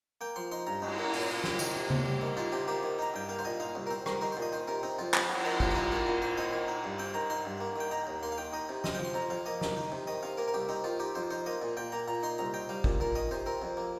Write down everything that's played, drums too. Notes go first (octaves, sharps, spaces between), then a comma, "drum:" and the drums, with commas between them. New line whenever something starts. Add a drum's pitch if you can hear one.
A#3 G5
F3 C6
D#4 C6
G2 A#5
D#4, drum: cymbal
A#3
A#2, drum: open hi-hat
A#2
C4, drum: snare
D#3, drum: tambourine
C3
C3, drum: tom C#3
G3
D#3
D#4 F4
C3 G4
A#3 G4
D#3
D#4 A#5
G2 G5
A#3 F5
C5
A#2 D#5
D#4 F5
C2
A#4
C4 C5
G3 A#4, drum: rim click
D#4 A#4
A#2 C5
D#5
D#3 C5
C3 A#4
C4 D#4
F2 F4
C4 F4, drum: clap
F3, drum: cymbal
D#4 A#4
G2 F4, drum: kick
G4
D#4 F4
A#3 F4
A#2
A#2 C5
C4 D#5
D#3
D#4
G2
C4 G5
D#3 A#5
D#4 C6
G2
A#3
D#3 G5
D#4 A#5
D#2
A#3 C6
F5
D#3 G5
D#4 D#5
C3
C4 D#5, drum: snare
F3 G5
C6
F2 A#5
F2 F5
A#3 D#5
D#3, drum: snare
D#4
C3
D#3 D#5
C3 F5
A#3 A#4
A#4
C2 G4
C4 D#4
D#3 F4
D#4 G4
F2 C5
D#4 C5
A#3 D#5
A#2
A#2 G5
A#3 A#5
A#2 A#5
D#4 C6
C2 A#5
D#4 G5
G3 F5
A#2, drum: kick
A#2 A#4
D#3 D#5
C3 C5
C4 A#4
F2
A#3